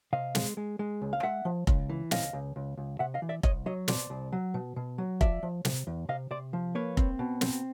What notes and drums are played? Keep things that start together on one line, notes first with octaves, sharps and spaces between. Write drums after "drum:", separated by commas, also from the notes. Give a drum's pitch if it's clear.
C3 D#5 F5
G#3, drum: snare
G#3
G#3
C#2
F5
G#3 E5 F#5
F3
C#2, drum: kick F1
E3
C#2 D#5 F5, drum: snare
C#2
C#2
C#2
C3 E5 F#5
D#5 F5
E3
D5 E5
C2 C#5 D#5, drum: kick F1
F#3 C#5 D#5
B2 C5 D5, drum: snare
C2
F#3
B2
B2
F#3
F3 D5 E5, drum: kick F1
F3
C3, drum: snare
E2
C3 D#5 F5
C3 C5 D5
F3
A#3 B4 C#5
C4, drum: kick F1
B2
C4, drum: snare